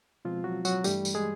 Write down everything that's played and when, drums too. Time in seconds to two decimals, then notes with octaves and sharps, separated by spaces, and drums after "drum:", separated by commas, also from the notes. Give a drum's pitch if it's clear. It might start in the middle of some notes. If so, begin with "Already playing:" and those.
0.25 B2 F3 G#3 C4 F4
0.44 F#3 F#4
0.65 F#3 F#4, drum: tambourine
0.84 G2 E3 G3 A3 G4, drum: tambourine
1.05 drum: tambourine
1.15 G#3 G#4